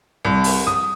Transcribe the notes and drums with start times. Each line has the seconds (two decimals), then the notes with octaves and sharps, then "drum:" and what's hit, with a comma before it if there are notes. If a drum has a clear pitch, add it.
0.25 C2
0.44 drum: open hi-hat
0.67 D#6